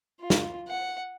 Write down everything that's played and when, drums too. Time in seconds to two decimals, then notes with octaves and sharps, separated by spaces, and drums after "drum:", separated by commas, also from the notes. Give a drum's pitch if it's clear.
0.20 F4
0.30 drum: snare
0.68 F#5